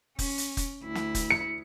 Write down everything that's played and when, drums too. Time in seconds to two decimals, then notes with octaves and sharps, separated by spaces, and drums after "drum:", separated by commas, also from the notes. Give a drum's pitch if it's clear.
0.19 C#4, drum: kick, open hi-hat
0.38 drum: hi-hat
0.57 drum: kick, hi-hat
0.84 D2 E4
0.95 drum: snare
1.15 drum: kick, hi-hat
1.31 C#7